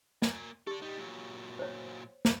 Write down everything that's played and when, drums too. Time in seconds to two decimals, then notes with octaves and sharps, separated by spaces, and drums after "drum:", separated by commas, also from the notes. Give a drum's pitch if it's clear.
0.22 A#3 G#5, drum: snare
0.67 G4 A4 D5
0.82 G3 D#4
0.98 A#2 F#3
1.59 C5 C#5
2.25 drum: snare